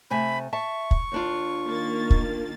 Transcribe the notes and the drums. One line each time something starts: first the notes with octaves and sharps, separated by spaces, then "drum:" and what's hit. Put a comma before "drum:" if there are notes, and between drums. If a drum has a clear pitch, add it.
C3 A3 G#5 B5
E5 A5 C#6
drum: kick
D#2 D4 F4
D#3 A#3 A6
drum: kick